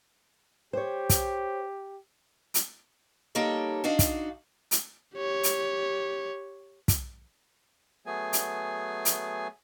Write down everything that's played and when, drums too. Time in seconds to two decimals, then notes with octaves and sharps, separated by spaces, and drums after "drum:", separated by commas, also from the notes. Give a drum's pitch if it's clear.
0.73 G4 C5 C#5
1.10 drum: kick, hi-hat
2.54 drum: hi-hat
3.35 G3 A#3 D#4 A4 C#5
3.84 D4 D#4 F#4 F5
3.99 drum: kick, hi-hat
4.71 drum: hi-hat
5.15 G4 C#5
5.43 drum: hi-hat
6.88 drum: kick, hi-hat
8.06 F#3 A3 B3 G#4 G#5
8.33 drum: hi-hat
9.05 drum: hi-hat